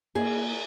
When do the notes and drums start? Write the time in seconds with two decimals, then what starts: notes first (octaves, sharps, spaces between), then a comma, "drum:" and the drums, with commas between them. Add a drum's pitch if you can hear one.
0.15 A#3 G#4, drum: cymbal